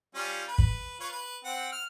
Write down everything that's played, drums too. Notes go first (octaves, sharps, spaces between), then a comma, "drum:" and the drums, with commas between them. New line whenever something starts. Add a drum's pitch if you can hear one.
G3 C#4 F4
B4
drum: kick
F4 B4 C#5
B4
C4 F#5
F6